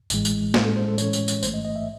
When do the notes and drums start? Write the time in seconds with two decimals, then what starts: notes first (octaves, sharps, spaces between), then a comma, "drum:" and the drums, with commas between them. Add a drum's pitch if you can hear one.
0.10 A1 A2 E3 G#3, drum: tambourine
0.25 drum: tambourine
0.54 A2 G#3 C#4 C5, drum: snare
0.65 A4
0.76 C5
0.88 A4
0.98 A2 E3 G#3 C#4 C#5, drum: tambourine
1.13 drum: tambourine
1.28 drum: tambourine
1.43 A1 G#2 E3 A3 C5, drum: tambourine
1.54 D#5
1.65 D#5
1.76 E5